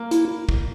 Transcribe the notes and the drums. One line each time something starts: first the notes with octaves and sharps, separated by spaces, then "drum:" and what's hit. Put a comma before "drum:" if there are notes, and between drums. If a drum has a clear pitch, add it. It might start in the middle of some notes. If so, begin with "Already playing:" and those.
Already playing: A#3
E4, drum: hi-hat
drum: kick